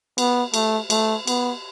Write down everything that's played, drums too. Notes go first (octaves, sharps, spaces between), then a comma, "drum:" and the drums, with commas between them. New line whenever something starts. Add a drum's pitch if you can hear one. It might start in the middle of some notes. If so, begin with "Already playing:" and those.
B3, drum: cymbal
A3, drum: cymbal
A3, drum: cymbal
B3, drum: cymbal